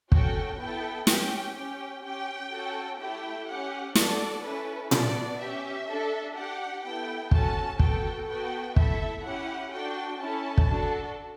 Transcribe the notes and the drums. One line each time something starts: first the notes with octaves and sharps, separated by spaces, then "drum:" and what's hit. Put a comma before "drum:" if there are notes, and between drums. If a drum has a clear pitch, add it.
C#4 F#4 A4 G5, drum: kick
B3 E4 A4 G5
C#4 G4 G5, drum: snare
C#4 G4 G5
C#4 G4 G5
C#4 F#4 A4
A3 E4 G4 G5
C#4 G4 F#5
D4 F#4 A4 D5, drum: snare
C#4 E4 A4 B4
B3 D4 F#4 D5, drum: tom A#2
C#4 G4 E5
D4 A4
D4 G4 F#5
B3 E4 A4 G5
C#4 F#4 A4 A5, drum: kick
B3 F#4 A4 G5, drum: kick
B3 F#4 A4 G5
A3 E4 A4 E5, drum: kick
C#4 E4 G4 F#5
D4 F#4 A4 G5
C#4 E4 A4 A5
drum: kick
D4 F#4 A4